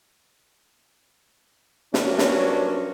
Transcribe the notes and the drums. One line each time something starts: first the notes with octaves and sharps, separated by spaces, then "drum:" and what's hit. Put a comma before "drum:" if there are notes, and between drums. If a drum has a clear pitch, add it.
G2 C3 F#3 A#3 C#4 D4, drum: snare
drum: snare